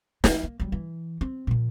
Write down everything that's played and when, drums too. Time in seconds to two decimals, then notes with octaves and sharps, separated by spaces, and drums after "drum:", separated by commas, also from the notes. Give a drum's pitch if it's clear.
0.24 F3, drum: snare
0.43 A#3
0.60 F#3 G3
0.72 E3
1.21 C4
1.47 A#2 F3